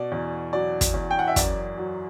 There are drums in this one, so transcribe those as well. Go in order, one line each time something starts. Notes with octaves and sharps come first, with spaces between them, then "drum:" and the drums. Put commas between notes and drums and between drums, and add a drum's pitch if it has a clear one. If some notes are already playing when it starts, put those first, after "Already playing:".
Already playing: B2 D5
E2
F#3 D5
drum: kick, hi-hat
E2
G5
F#5
E5
F#2 D5, drum: kick, hi-hat
F#3